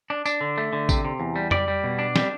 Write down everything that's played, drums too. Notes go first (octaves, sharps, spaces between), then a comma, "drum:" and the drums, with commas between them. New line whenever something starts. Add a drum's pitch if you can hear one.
D4
D4, drum: tambourine
D3
A3
D3
C3, drum: kick A1, tambourine
C3
E2
G3
G3 D5, drum: tom F2
G3
B2
D4
G3, drum: snare